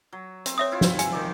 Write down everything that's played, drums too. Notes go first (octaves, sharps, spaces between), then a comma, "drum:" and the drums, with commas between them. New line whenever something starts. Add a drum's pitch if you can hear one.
F#3
C4, drum: hi-hat
C#5 E5 D#6
E4 F4
drum: snare
G#5, drum: hi-hat
D#3 D#4 D5